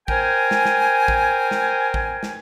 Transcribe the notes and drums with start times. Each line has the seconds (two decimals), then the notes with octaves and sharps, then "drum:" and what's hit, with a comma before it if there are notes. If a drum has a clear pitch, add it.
0.08 A#4 C5 G5 G#5, drum: kick A1
0.51 drum: snare
0.65 drum: snare
1.08 drum: kick A1
1.51 drum: snare
1.94 drum: kick A1
2.23 drum: snare